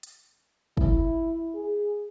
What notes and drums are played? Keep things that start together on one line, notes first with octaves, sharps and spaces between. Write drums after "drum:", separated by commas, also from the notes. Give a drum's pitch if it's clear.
drum: hi-hat
E4, drum: kick
G#4